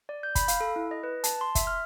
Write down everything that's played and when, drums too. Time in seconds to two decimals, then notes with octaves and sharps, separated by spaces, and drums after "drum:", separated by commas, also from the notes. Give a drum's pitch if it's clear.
0.09 D5
0.23 G6
0.35 B5, drum: kick, hi-hat
0.48 F5, drum: hi-hat
0.60 A4
0.76 E4
0.91 D#5
1.03 B4
1.24 A5, drum: hi-hat
1.41 C6
1.55 E5, drum: kick, hi-hat
1.67 F6